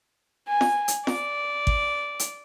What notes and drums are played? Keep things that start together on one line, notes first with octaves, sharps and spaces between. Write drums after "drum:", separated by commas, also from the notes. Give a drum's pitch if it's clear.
G#5
drum: snare F4
drum: hi-hat
D5, drum: snare F4
drum: kick G#1
drum: hi-hat